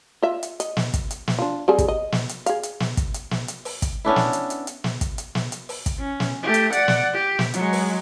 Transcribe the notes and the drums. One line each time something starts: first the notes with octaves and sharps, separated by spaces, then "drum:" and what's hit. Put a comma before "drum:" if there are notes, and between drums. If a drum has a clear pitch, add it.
F4 E5
drum: hi-hat
D#5, drum: hi-hat
drum: snare
drum: kick, hi-hat
drum: hi-hat
drum: snare
D4 F4
G3 C4 G#4
drum: kick, hi-hat
D#5
drum: snare
drum: hi-hat
G#4 F5, drum: hi-hat
drum: hi-hat
drum: snare
drum: kick, hi-hat
drum: hi-hat
drum: snare
drum: hi-hat
drum: open hi-hat
drum: kick, hi-hat
B3 C#4 D4 E4
drum: snare
drum: hi-hat
drum: hi-hat
drum: hi-hat
drum: snare
drum: kick, hi-hat
drum: hi-hat
drum: snare
drum: hi-hat
drum: open hi-hat
drum: kick, hi-hat
C#4
drum: snare
A3 G4
drum: hi-hat
D5 F#5, drum: hi-hat
drum: snare
G4
drum: snare
F#3 G#3, drum: hi-hat
drum: open hi-hat